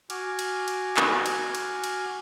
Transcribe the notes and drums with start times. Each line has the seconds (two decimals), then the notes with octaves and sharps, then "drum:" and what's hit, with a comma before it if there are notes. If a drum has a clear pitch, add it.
0.10 F#4 G#5 D6 F6, drum: cymbal
0.39 drum: cymbal
0.68 drum: cymbal
0.97 drum: clap
1.26 drum: cymbal
1.55 drum: cymbal
1.84 drum: cymbal